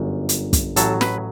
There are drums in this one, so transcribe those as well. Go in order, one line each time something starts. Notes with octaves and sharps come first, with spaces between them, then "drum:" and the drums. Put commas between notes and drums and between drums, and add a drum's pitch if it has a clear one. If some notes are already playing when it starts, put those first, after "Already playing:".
Already playing: G1 F#2
drum: hi-hat
drum: kick, hi-hat
A1 A2 F#3 A4, drum: hi-hat
B4, drum: snare